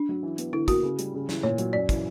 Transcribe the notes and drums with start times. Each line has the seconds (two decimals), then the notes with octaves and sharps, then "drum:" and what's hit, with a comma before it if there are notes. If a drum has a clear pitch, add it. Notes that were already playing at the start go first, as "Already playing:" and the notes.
Already playing: D4
0.09 F#3
0.23 E3
0.38 B3, drum: hi-hat
0.53 D3 E4
0.68 A#3 F#4, drum: kick, hi-hat
0.83 C#3
0.99 G3, drum: hi-hat
1.14 C#3
1.29 E3, drum: snare
1.43 A#2 C#5
1.58 F#3, drum: hi-hat
1.73 F#2 D5
1.89 E3, drum: kick, hi-hat